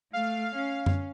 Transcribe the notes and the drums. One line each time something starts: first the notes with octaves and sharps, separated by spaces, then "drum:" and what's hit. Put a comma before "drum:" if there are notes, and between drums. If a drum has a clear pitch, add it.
A3 F5
C#4
drum: tom F#2